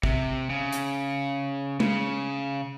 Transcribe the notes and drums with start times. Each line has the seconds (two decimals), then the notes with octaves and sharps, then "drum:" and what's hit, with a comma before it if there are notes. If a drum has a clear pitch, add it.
0.03 C3, drum: kick
0.50 C#3
0.73 drum: hi-hat
1.80 C#3, drum: tom G#3